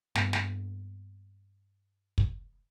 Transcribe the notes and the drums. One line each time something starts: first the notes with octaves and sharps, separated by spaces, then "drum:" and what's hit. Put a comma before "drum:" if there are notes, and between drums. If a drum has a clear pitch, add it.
G2 A#3 B3, drum: snare
drum: snare
drum: kick